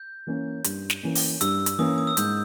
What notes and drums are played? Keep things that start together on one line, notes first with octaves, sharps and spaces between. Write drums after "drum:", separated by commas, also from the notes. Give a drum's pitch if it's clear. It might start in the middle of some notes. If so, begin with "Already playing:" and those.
Already playing: G6
E3 A#3 C#4
G2, drum: hi-hat
drum: snare
E3 A#3 C#4
drum: open hi-hat
G2 E6, drum: hi-hat
drum: hi-hat
E3 A#3 C#4 D#6
D#6
E6
G#2 G6, drum: hi-hat